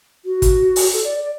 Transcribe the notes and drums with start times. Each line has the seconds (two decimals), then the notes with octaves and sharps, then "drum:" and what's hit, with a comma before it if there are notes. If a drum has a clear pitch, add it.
0.25 F#4
0.42 drum: kick, hi-hat
0.76 drum: open hi-hat
0.93 A4
1.04 D5
1.15 D5